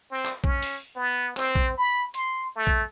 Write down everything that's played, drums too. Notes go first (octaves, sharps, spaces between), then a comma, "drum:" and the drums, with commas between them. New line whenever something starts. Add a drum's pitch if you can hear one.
C4
drum: clap
C#4, drum: kick A#1
drum: open hi-hat
B3
C4, drum: clap
drum: kick A#1
B5
C6, drum: hi-hat
A3
drum: kick A#1